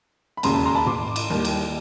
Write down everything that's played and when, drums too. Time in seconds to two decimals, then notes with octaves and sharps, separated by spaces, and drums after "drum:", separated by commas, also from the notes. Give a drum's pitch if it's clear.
0.37 B5
0.43 E1 D#2 C#3 A#5 C6, drum: cymbal
0.54 A5 B5
0.65 A#5 C6
0.75 A5 B5
0.86 C6 D6, drum: tom
1.16 drum: cymbal
1.30 D#2 D#3 G3
1.45 drum: cymbal